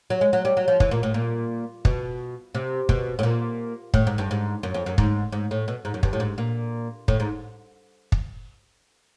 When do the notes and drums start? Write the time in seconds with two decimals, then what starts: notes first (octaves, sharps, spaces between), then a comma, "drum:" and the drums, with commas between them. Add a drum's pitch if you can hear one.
0.10 F#3
0.21 G#3
0.33 F#3
0.45 G3
0.57 F#3
0.68 F3
0.80 E3, drum: kick
0.91 A#2
1.03 A2
1.14 A#2
1.85 B2, drum: kick
2.55 C3
2.89 B2, drum: kick
3.19 A2
3.23 A#2
3.94 A2, drum: kick
4.07 G#2
4.18 G2
4.31 G#2
4.63 F#2
4.74 F2
4.86 F#2
4.98 G#2, drum: kick
5.32 G#2
5.51 A2
5.68 B2
5.85 G#2
5.94 F#2
6.03 G2, drum: kick
6.13 A2
6.20 G#2
6.38 A#2
7.08 A2, drum: kick
7.20 G#2
8.12 drum: kick